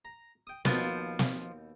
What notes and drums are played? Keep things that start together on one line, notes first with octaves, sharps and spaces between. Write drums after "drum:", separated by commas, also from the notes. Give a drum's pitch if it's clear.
A#5
G5 D#6
D#2 B2 F3 B3 F#4, drum: snare
drum: snare